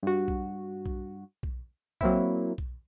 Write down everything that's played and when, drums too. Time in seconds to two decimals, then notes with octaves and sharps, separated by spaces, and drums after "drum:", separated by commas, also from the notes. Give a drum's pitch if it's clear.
0.03 G2 F#4
0.28 drum: kick B1
0.86 drum: kick B1
1.43 drum: kick B1
2.01 F#3 A#3 C4 E4, drum: kick B1
2.58 drum: kick B1